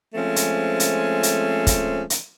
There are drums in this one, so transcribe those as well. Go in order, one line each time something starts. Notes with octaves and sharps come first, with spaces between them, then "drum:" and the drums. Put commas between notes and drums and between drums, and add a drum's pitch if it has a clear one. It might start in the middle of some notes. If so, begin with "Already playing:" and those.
F3 G#3 A3 C4 C#4
drum: hi-hat
drum: hi-hat
drum: hi-hat
drum: kick, hi-hat
drum: hi-hat